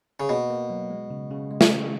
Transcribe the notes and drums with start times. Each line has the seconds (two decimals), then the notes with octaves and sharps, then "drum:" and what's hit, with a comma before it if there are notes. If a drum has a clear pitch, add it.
0.20 C#3
0.29 B2 A#3
0.50 A#3
0.70 F#3
0.91 G#3
1.10 C#3
1.31 C#3
1.51 G#3
1.61 drum: snare
1.71 C#3